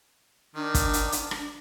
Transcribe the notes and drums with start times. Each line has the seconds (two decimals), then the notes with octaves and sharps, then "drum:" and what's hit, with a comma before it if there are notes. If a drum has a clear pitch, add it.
0.56 D#3 D4
0.74 drum: kick, hi-hat
0.93 drum: hi-hat
1.12 drum: hi-hat
1.31 drum: rim click